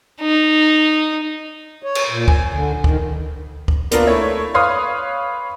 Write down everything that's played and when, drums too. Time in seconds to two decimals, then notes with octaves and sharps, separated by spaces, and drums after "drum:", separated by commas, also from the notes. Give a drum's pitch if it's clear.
0.21 D#4
1.83 C#5
1.95 drum: cymbal
2.10 A#2
2.28 G#5, drum: kick D2
2.52 D3
2.84 D#3, drum: kick D2
3.68 drum: kick D2
3.91 A#3 B3 D4 F4 A#4, drum: hi-hat
4.06 A3 E4 C#5 E5
4.54 B4 C#5 F5 C6 D#6 F6